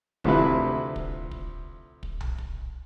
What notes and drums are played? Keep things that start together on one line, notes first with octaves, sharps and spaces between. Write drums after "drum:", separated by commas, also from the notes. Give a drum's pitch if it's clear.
D2 C3 F3 E4 B4, drum: kick
drum: kick
drum: kick
drum: kick
drum: tom B1
drum: kick